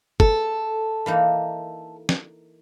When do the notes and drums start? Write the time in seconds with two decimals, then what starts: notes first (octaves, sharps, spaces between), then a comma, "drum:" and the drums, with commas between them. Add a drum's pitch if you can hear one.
0.20 A4, drum: kick G1
1.06 E3 A#3 D#4
2.09 drum: snare